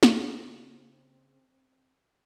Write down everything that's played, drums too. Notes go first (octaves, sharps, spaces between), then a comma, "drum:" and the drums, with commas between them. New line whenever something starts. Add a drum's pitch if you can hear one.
C#3 C4, drum: snare